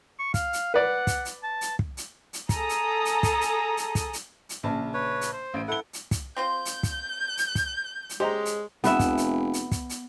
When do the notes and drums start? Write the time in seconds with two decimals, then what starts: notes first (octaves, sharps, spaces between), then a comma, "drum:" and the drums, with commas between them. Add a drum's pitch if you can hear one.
0.19 C#6
0.34 F5, drum: kick, hi-hat
0.53 drum: hi-hat
0.74 B4 D5 F#5
1.07 drum: kick, hi-hat
1.25 drum: hi-hat
1.43 A5
1.61 drum: hi-hat
1.79 drum: kick
1.97 drum: hi-hat
2.33 drum: hi-hat
2.49 G#4 A4 A5 A#5 D#6, drum: kick, hi-hat
2.69 drum: hi-hat
3.05 drum: hi-hat
3.23 drum: kick, hi-hat
3.41 drum: hi-hat
3.77 drum: hi-hat
3.95 drum: kick, hi-hat
4.13 drum: hi-hat
4.49 drum: hi-hat
4.63 A#1 C#3 A5
4.94 B4 C#5
5.21 drum: hi-hat
5.33 C5
5.54 A1 D7
5.68 E4 A4 F#5 G7
5.93 drum: hi-hat
6.11 drum: kick, hi-hat
6.36 C4 F4 C5 G6
6.65 drum: hi-hat
6.83 drum: kick, hi-hat
7.37 drum: hi-hat
7.55 drum: kick, hi-hat
8.09 drum: hi-hat
8.20 G#3 C#4 G4 C5 D#5 A#5
8.45 drum: hi-hat
8.84 F1 B3 B4 E5, drum: hi-hat
9.00 drum: kick, hi-hat
9.18 drum: hi-hat
9.54 drum: hi-hat
9.72 drum: kick, hi-hat
9.90 drum: hi-hat